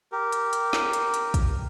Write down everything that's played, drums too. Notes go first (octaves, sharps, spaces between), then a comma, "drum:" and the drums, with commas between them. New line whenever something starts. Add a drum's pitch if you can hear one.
G4 A#4
drum: hi-hat
drum: hi-hat
drum: snare
drum: hi-hat
drum: hi-hat
drum: kick, hi-hat